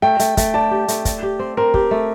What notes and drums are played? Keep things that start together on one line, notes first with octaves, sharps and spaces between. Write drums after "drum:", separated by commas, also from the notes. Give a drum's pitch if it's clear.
A3 G5
A3, drum: hi-hat
A3, drum: kick, hi-hat
D5 A5
G4
A3, drum: hi-hat
D5, drum: kick, hi-hat
G4
C4
C4 A#4
G4, drum: kick
A3